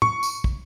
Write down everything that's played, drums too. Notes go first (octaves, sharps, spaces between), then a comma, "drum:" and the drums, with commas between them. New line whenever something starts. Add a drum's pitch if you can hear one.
C#6, drum: tom
drum: tambourine
drum: kick